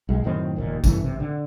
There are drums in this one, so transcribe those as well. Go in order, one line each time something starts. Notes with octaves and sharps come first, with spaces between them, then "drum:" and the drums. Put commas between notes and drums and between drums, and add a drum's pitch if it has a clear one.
B1 G#3
F#2 A2 D#3 C4
F1 D#2 A#2
G2 C#3 E3 A3, drum: kick, tambourine
A1 C3
D3